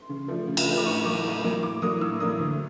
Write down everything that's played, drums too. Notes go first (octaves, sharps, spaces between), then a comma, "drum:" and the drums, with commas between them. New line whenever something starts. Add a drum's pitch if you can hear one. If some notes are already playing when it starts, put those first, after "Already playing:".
Already playing: C6
C#3
F3 A3 D4
C#3
drum: cymbal
F3 A3 D4
D6
A2 C#6
F#3 A#3 D6
A2
F#3 A#3
A2 D6
F#3 A#3 D4 D#6
A2 E6
F#3 A#3 D4 D#6
D2